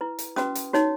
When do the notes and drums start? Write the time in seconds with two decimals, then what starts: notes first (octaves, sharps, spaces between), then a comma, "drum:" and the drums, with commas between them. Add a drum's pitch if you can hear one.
0.01 E4 B4
0.19 drum: hi-hat
0.36 C#4 F#4 B4 D#6, drum: snare
0.55 drum: hi-hat
0.73 D#4 F#4 C#5, drum: snare